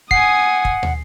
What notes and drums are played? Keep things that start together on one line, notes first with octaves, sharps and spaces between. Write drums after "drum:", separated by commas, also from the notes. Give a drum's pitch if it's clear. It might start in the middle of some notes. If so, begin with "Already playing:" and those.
F#5 G#5 D#6 C7, drum: kick
drum: kick
drum: tom